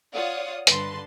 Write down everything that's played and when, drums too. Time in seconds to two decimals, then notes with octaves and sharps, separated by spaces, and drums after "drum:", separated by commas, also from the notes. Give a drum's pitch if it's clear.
0.14 F4 C#5 D5 F5 F#5 D#6
0.67 G2 D3 B4 A5 C6, drum: hi-hat